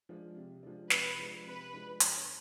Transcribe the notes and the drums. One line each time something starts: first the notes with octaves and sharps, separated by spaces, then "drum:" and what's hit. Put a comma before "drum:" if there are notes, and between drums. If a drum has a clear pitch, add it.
F3 G#3 D4
C3
F3 G#3 D4
C3 B4, drum: snare
F3 G#3 D4
C3 B4
F3 G#3 D4
G1, drum: hi-hat